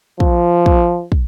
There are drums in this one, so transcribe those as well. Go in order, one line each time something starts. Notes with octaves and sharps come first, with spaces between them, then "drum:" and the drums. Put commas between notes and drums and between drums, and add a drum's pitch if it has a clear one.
F3, drum: kick
drum: kick
drum: kick